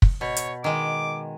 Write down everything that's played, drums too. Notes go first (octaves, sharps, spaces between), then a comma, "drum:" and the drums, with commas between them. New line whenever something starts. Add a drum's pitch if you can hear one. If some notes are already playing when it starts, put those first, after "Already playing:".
drum: kick
B2 C#5
drum: hi-hat
D#3 G#3 D6